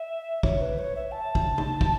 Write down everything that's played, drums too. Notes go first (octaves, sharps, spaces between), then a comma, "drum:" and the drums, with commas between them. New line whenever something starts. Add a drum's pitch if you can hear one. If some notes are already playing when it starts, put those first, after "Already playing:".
Already playing: E5
C#5, drum: kick
B4
C#5
E5
A5
drum: kick
drum: tom C3
drum: kick